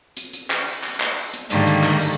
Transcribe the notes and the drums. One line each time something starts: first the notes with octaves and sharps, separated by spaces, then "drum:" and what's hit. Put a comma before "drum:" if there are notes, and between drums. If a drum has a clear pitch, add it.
drum: hi-hat
drum: hi-hat
drum: clap
drum: open hi-hat
drum: clap
drum: clap
drum: open hi-hat
drum: hi-hat
G#2 D3 D#3 G3 A3 A#3, drum: hi-hat
drum: hi-hat
drum: clap
drum: open hi-hat